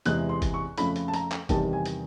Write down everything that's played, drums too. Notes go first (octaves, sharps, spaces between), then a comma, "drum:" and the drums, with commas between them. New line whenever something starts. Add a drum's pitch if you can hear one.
E2 C3 E3 G#3 F#6, drum: hi-hat
C6
drum: kick, hi-hat
C#6
F2 C#3 F3 A3 B5, drum: hi-hat
drum: hi-hat
A5
A#5, drum: hi-hat
drum: clap
E2 C3 D#3 G3 A5, drum: kick, hi-hat
G#5
drum: hi-hat